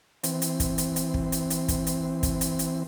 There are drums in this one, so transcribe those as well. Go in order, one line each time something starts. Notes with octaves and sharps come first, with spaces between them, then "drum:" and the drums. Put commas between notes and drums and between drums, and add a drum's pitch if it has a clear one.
E3 C4, drum: hi-hat
drum: hi-hat
drum: kick, hi-hat
drum: hi-hat
drum: hi-hat
drum: kick
drum: hi-hat
drum: hi-hat
drum: kick, hi-hat
drum: hi-hat
drum: kick, hi-hat
drum: hi-hat
drum: hi-hat